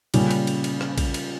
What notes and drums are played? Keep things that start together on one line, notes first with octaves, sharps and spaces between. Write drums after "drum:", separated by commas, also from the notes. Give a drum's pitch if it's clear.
A#2 C#3 G3 C#4, drum: cymbal
drum: cymbal
drum: cymbal
drum: cymbal
drum: rim click
drum: kick A#1, cymbal
drum: cymbal